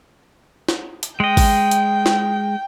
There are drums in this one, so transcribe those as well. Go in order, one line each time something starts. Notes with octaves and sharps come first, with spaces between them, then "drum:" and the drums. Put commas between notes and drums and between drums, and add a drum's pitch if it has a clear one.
drum: snare
drum: hi-hat
G#3 D#5 G5
drum: kick G#1, open hi-hat
drum: hi-hat
drum: snare